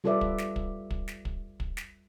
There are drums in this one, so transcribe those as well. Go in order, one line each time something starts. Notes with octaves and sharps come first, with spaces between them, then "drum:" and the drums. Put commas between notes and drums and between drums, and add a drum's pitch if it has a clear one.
G3 F4 A4 B4 D5 E5
drum: kick
drum: snare
drum: kick
drum: kick
drum: snare
drum: kick
drum: kick
drum: snare